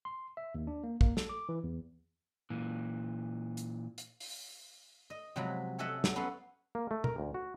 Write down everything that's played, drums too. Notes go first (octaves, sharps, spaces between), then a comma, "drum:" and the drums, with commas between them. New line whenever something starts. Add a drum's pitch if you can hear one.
C6
E5
D#2
D4
A#3
A#3, drum: kick
A4, drum: snare
D6
E3
E2
A#2 E3
drum: hi-hat
drum: hi-hat
drum: open hi-hat
D#5
C3 F3 F#3 G#3 B5
A3 G#4 A4 D#5 E5 F#5
F#3, drum: snare
B3 C#4 A4 B4 F#5 C6
A#3
A3
A#4, drum: tom
D2
F#4